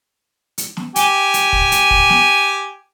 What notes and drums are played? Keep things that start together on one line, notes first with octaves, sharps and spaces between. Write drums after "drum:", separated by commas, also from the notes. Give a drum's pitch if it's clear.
drum: hi-hat
drum: snare
G4 G#5, drum: hi-hat
drum: hi-hat
drum: kick
drum: hi-hat
drum: kick
drum: snare